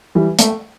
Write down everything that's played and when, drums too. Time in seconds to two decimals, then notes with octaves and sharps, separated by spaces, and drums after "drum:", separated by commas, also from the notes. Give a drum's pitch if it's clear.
0.15 E3 G3
0.39 A3, drum: hi-hat